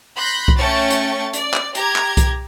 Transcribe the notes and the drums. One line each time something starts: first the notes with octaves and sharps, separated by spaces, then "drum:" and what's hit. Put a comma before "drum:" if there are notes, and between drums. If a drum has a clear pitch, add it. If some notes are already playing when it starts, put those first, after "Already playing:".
B5 C6 F#6 G6 A#6 B6
drum: kick C2
A3 C#4 G5 C#6 A6
drum: hi-hat
D5, drum: hi-hat
drum: clap
G4 A#5 G#6, drum: hi-hat
drum: clap
drum: kick C2, hi-hat